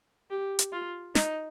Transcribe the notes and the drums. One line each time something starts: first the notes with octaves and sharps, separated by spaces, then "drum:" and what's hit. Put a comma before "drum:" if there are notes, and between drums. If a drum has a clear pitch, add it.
G4
drum: hi-hat
F4
D#4, drum: snare